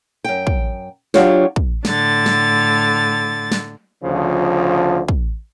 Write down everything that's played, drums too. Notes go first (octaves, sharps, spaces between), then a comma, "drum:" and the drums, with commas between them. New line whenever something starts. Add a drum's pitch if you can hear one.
F#2 G5
drum: kick
F#3 D4 F4 G4 C#5, drum: snare
drum: kick
A2 D3 A6, drum: snare
drum: snare
drum: snare
D2 C#3 F3
drum: kick